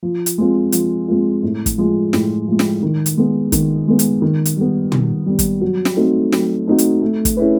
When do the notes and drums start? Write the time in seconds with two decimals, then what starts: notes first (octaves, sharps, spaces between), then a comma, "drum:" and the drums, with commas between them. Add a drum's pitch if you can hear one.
0.03 F3
0.26 drum: hi-hat
0.38 G#3 C4 F4
0.72 F3, drum: hi-hat
1.08 G#3 C4 F4
1.43 A2
1.66 drum: kick, hi-hat
1.78 F3 G#3
2.13 A2, drum: snare
2.48 F3 G#3
2.59 drum: snare
2.83 D#3
3.06 drum: hi-hat
3.17 G#3 B3
3.52 D#3, drum: kick, hi-hat
3.88 G#3 B3
3.99 drum: hi-hat
4.22 D#3
4.45 drum: hi-hat
4.57 G3 B3
4.92 D#3, drum: tom
5.26 G3 B3
5.39 drum: kick, hi-hat
5.61 F#3
5.85 drum: snare
5.96 A3 C4 D#4 F#4
6.32 F#3, drum: snare
6.67 A3 C4 D#4 F#4
6.78 drum: hi-hat
7.02 A3
7.25 drum: kick, hi-hat
7.37 C#4 E4 G#4 B4